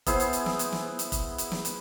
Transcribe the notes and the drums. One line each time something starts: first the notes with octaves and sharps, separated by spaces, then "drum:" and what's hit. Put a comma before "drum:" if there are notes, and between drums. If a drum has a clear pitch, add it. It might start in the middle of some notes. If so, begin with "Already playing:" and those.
B3 E4 G#4 C5, drum: kick, hi-hat
drum: hi-hat
drum: hi-hat
drum: snare
drum: hi-hat
drum: snare
drum: hi-hat
drum: kick, hi-hat
drum: hi-hat
drum: snare
drum: hi-hat